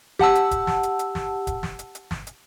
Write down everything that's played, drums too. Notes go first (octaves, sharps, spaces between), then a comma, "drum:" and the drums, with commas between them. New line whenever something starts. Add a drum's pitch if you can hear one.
G4 F#5 A5 E6, drum: snare
drum: hi-hat
drum: kick, hi-hat
drum: snare
drum: hi-hat
drum: hi-hat
drum: snare
drum: kick, hi-hat
drum: snare
drum: hi-hat
drum: hi-hat
drum: snare
drum: hi-hat